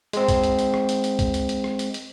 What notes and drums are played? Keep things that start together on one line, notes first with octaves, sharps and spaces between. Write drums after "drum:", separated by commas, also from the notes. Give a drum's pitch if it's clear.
G#3 C4, drum: hi-hat
drum: kick, hi-hat
drum: hi-hat
drum: hi-hat
drum: rim click
drum: hi-hat
drum: hi-hat
drum: kick, hi-hat
drum: hi-hat
drum: hi-hat
drum: rim click
drum: hi-hat
drum: hi-hat